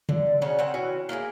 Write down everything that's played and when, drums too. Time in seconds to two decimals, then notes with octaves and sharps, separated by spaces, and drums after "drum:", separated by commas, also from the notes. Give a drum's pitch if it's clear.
0.09 D3, drum: tom C#3
0.42 C#3 C#4 D#4 F#4
0.59 C4 C#4 F#5
0.74 E3 C#4 F#4
1.09 A#3 E4 F#4 G#4